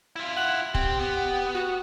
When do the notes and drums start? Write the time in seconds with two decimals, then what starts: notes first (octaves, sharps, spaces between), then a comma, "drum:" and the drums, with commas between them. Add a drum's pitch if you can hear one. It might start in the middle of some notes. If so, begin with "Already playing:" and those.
0.16 E4 F4
0.37 F#5
0.75 C4 G4, drum: kick
0.99 B3
1.54 F#4